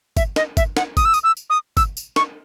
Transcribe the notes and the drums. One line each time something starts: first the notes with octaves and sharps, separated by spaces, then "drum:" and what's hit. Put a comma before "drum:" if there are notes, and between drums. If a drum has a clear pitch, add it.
E5, drum: kick G1, tambourine
D#5, drum: snare
E5, drum: kick G1, tambourine
F#5, drum: snare
D#6, drum: kick G1, tambourine
E6
D#6, drum: tambourine
E6
drum: tambourine
D#6
E6, drum: kick G1, tambourine
drum: tambourine
C#6, drum: snare